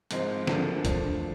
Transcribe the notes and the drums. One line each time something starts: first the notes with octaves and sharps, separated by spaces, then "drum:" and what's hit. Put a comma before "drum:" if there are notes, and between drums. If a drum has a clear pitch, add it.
G#1 G#2 F3 G#3 C4, drum: hi-hat
D2 D3 F3 A#3 D4, drum: snare
F3 A3 D4, drum: kick, hi-hat